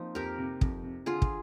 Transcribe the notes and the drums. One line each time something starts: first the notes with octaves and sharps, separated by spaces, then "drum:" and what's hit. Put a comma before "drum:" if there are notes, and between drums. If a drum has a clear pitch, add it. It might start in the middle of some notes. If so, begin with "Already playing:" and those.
Already playing: F3 A#3 C4 D#4
F2 G4 A#4
C3
F2, drum: kick
C3
D3 F4 G#4
drum: kick